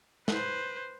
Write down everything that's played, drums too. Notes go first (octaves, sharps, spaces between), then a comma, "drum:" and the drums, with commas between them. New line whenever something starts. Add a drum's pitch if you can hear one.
B4 C5, drum: snare